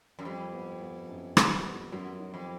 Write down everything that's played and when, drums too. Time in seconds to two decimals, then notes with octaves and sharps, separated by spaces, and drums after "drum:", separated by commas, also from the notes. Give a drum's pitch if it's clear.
0.19 F#2
0.25 F2 G3
0.53 B3
0.81 B3
1.09 F#2
1.37 G3, drum: rim click
1.64 B3
1.92 F#2 F#3
2.20 D#4
2.34 F2